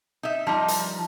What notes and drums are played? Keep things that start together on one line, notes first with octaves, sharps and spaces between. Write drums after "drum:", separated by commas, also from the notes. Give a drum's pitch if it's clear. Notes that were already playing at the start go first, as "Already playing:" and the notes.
D#4 E5
F3 G3 D#4
drum: hi-hat